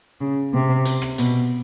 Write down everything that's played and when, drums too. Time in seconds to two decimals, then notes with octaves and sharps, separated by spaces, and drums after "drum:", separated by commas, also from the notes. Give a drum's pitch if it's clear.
0.21 C#3
0.54 C3
0.85 drum: hi-hat
1.01 drum: rim click
1.18 B2, drum: hi-hat